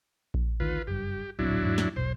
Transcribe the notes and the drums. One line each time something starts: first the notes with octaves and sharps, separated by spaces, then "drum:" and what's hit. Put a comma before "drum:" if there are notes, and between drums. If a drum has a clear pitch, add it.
drum: kick A#1
D2 D#3 F4 B4
F#1 G2 G4
D1 A#1 F#3 C4 D4 E4
E2 G#2
drum: snare
E1 B1 C5